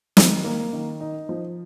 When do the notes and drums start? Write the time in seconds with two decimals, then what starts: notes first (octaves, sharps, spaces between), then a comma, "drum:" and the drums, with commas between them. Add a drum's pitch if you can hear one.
0.17 D#3, drum: snare
0.44 A#3
0.73 D#3
1.01 D#4
1.29 F3